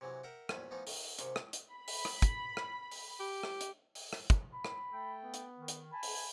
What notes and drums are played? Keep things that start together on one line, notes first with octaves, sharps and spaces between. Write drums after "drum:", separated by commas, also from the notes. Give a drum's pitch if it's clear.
C3 E3 F#3 G#3
A#4 E5 F#5 G5
A#1 E2 F#3 F4 B5, drum: rim click
E3 F3 A3 B3 D#4
D#3, drum: open hi-hat
G#2 C3 D#3, drum: hi-hat
drum: rim click
drum: hi-hat
B5
drum: open hi-hat
drum: rim click
drum: kick, hi-hat
drum: rim click
drum: open hi-hat
G4
drum: rim click
drum: hi-hat
drum: open hi-hat
drum: rim click
drum: kick, hi-hat
B5
drum: rim click
A3 A4 G5
B3
drum: hi-hat
D#3
drum: hi-hat
G#5 A5 B5
drum: open hi-hat